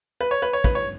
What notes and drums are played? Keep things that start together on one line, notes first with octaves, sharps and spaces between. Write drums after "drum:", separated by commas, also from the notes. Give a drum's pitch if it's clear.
B4
C#5
B4
C#5
B4, drum: kick
C#5